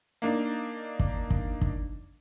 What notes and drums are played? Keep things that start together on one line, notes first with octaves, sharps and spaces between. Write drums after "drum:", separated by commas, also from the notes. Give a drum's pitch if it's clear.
A#3 D4 D#4
drum: kick
drum: kick
drum: kick